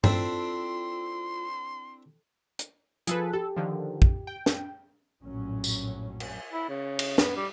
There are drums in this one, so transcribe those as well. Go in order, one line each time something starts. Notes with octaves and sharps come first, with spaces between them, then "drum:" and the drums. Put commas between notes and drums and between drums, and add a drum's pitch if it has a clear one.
C4 D4 E4 F4 A4 C6, drum: tom G2
drum: hi-hat
F3 G#4 A4 B4, drum: hi-hat
G4 A4
D3 D#3 F3
drum: kick
G5
drum: snare
A#1 F#2 A2 F#3 C#4
drum: tambourine
drum: cymbal
E4
C#3
drum: cymbal
B3, drum: snare
G3